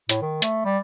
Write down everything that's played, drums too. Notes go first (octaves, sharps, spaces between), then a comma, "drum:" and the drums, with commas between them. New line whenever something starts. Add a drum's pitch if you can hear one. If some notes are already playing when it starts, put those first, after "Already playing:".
A2, drum: hi-hat
D#3
A3, drum: hi-hat
G3